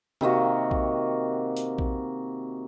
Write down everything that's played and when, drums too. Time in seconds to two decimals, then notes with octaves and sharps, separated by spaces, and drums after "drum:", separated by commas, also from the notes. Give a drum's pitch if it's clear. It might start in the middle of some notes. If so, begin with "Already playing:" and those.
0.21 C3 D#3 A#3 F#4, drum: tom
0.71 drum: kick A#1
1.57 drum: hi-hat
1.78 drum: kick A#1